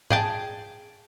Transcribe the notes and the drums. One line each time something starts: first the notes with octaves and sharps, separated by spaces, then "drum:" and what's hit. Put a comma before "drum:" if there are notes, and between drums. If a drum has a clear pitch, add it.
G#4 G5 A5, drum: tom G#2